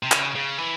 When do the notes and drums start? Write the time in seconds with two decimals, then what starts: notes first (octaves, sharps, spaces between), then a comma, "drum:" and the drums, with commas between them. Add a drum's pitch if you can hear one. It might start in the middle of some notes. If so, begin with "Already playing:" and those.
0.03 C3
0.12 C#3, drum: clap
0.35 C#3
0.59 E3